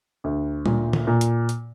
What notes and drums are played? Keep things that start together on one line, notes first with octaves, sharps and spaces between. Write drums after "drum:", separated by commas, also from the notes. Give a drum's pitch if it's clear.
D2
A#2, drum: tom
drum: tom D3
A#2
drum: hi-hat
drum: hi-hat